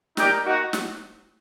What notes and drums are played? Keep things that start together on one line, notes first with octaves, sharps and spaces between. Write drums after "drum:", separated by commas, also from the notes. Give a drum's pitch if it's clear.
D#4 G4 A#4 D5 G5, drum: snare
A#3 D#4 F#4
drum: snare